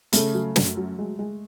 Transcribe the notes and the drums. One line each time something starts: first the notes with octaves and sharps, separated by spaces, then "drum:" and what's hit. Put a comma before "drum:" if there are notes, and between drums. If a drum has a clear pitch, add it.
C#3 A3, drum: hi-hat
F#3
F#2, drum: snare
F#3
G#3
G#3